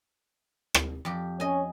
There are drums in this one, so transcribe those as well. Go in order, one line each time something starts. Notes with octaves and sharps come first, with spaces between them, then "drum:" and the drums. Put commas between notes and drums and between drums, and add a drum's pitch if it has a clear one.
drum: rim click
F2 G4
C#4 D#5 G#5